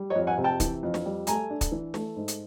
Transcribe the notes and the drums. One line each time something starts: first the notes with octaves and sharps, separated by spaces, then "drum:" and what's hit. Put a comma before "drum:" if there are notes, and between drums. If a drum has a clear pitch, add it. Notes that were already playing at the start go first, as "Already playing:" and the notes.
Already playing: G3
C#5 D#5
F2
F#5 G#5
C3
G5 A5
E3, drum: kick, hi-hat
F2
drum: snare
G3
A3 G#5 A#5, drum: hi-hat
D4
drum: kick, hi-hat
E3
A3, drum: snare
G#2
drum: hi-hat